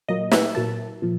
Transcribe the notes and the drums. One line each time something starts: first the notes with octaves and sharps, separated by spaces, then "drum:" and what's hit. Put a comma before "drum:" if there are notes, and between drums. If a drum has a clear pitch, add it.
A#2 F#3 A#3 D#5
E5, drum: snare
A#2 F#3 A#3 A5
A#2 F3